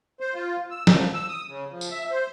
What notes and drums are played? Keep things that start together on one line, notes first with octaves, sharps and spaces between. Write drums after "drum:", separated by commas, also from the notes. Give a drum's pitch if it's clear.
C5
F4
E6
F3, drum: snare
E6
D#6
C#3
F3
drum: tambourine
E5
C5